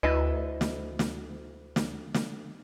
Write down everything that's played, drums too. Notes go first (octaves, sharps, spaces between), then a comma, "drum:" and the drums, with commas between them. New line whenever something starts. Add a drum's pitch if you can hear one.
D2 E4 B4 D#5
drum: snare
drum: snare
drum: snare
drum: snare